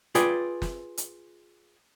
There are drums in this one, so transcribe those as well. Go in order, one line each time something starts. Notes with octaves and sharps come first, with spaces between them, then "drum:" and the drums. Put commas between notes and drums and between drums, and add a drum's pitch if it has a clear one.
F4 G#4 B4 D5 G5, drum: hi-hat
drum: snare
drum: hi-hat